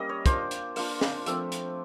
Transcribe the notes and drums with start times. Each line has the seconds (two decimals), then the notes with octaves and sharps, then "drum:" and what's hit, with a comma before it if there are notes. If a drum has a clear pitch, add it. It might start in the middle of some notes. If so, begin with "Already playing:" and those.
Already playing: G3 A#3 C#4 D#5
0.09 C#5
0.26 A#3 D4 F4 C5, drum: kick, hi-hat
0.51 drum: hi-hat
0.76 A#3 D4 F4 F5, drum: open hi-hat
1.01 drum: snare
1.26 F3 A3 C4 E5, drum: hi-hat
1.52 drum: hi-hat